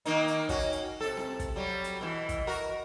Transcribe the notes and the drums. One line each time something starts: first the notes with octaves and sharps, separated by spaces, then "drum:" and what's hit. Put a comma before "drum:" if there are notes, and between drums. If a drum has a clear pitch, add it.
D#3 A#3 D#4, drum: hi-hat
drum: hi-hat
C#4 F#4, drum: kick, hi-hat
drum: hi-hat
C3 A4
drum: snare C4
drum: kick, hi-hat
F#3 G3
drum: hi-hat
B2 E3
drum: kick, hi-hat
F#4 A#4